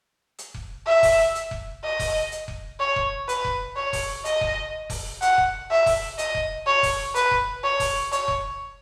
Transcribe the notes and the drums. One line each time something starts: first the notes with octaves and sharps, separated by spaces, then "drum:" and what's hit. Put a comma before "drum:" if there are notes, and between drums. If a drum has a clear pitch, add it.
drum: hi-hat
drum: kick F1
E5
drum: kick F1, open hi-hat
drum: hi-hat
drum: kick F1
D#5
drum: kick F1, open hi-hat
drum: hi-hat
drum: kick F1
C#5
drum: kick F1
B4, drum: hi-hat
drum: kick F1
C#5
drum: kick F1, open hi-hat
D#5, drum: hi-hat
drum: kick F1
drum: kick F1, open hi-hat
F#5, drum: hi-hat
drum: kick F1
E5
drum: kick F1, open hi-hat
D#5, drum: hi-hat
drum: kick F1
C#5
drum: kick F1, open hi-hat
B4, drum: hi-hat
drum: kick F1
C#5
drum: kick F1, open hi-hat
C#5, drum: hi-hat
drum: kick F1